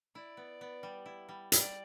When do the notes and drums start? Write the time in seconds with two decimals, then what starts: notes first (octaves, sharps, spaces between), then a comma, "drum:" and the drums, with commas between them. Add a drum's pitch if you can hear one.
0.15 E4 D5
0.37 B3
0.61 B3
0.83 G3
1.06 E4
1.29 G3
1.52 G3 D5, drum: hi-hat